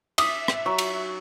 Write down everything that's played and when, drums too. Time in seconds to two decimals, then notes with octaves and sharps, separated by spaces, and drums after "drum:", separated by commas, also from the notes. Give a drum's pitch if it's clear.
0.18 E5 D6 D#6 B6, drum: cymbal
0.48 drum: rim click
0.66 F#3 C#6
0.79 drum: cymbal